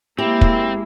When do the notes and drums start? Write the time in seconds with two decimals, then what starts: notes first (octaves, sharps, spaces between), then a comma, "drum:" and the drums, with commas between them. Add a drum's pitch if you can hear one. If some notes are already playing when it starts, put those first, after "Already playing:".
0.18 G#3 A#3 C4 E4 G4
0.41 drum: kick